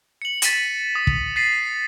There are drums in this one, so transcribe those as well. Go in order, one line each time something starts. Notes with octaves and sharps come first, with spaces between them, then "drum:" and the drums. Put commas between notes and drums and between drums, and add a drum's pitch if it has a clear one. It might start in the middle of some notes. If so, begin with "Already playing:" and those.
C#7 F#7
A6 B6 D#7 E7 F#7, drum: hi-hat
D#6
drum: kick
A6 B6 C7 D#7